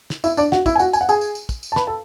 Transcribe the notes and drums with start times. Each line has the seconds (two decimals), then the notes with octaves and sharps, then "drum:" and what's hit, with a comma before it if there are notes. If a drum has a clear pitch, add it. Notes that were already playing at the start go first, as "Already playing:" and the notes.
0.10 drum: snare
0.24 E4 E5, drum: tambourine
0.37 D4 D5, drum: tambourine
0.52 F#4 F#5, drum: snare
0.66 E4 E5, drum: kick, tambourine
0.75 G#5
0.79 F#4 F#5, drum: tambourine
0.93 G#5, drum: tambourine
1.01 F#5
1.09 G#4 G#5, drum: tambourine
1.21 drum: tambourine
1.35 drum: tambourine
1.49 drum: kick, tambourine
1.63 drum: tambourine
1.72 A5
1.76 B4 B5, drum: snare
1.87 A4 A5